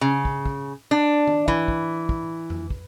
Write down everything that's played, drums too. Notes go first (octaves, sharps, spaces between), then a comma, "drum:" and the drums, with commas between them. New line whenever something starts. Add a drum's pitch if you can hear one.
C#3
drum: kick
drum: kick
D4
drum: tom D#3
E3, drum: kick
drum: kick
drum: kick
drum: tom F2
drum: kick